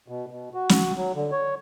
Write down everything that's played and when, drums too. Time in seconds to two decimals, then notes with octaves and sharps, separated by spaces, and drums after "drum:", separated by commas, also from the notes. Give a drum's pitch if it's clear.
0.08 B2
0.31 B2
0.54 F#4
0.69 drum: snare
0.97 F#3
1.15 D3
1.31 C#5